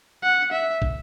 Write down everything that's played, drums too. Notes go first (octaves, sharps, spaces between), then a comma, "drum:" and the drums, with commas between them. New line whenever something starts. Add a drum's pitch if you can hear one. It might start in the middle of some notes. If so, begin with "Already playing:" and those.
F#5
E5
drum: kick